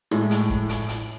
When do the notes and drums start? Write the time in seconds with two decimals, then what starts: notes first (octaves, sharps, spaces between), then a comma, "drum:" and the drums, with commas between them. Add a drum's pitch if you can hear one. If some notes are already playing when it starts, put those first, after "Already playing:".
0.11 A2 G#3, drum: rim click
0.31 drum: hi-hat
0.50 drum: kick
0.69 drum: hi-hat
0.89 drum: hi-hat